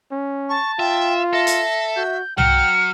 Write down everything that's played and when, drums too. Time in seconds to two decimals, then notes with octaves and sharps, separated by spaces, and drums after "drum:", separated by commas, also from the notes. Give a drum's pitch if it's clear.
0.12 C#4
0.49 A5 C#6
0.79 F4 E5 G5
1.33 A4 E5 A#6
1.47 drum: hi-hat
1.96 F#4 G6
2.38 F#3 G5 F6 C#7, drum: tom C2